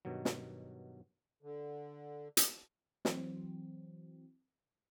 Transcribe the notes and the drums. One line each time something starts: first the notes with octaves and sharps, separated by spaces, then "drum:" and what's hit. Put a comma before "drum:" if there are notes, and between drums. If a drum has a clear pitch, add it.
G2 B2 D#3 F#3
drum: snare
D3
drum: hi-hat
E3 F#3 C4, drum: snare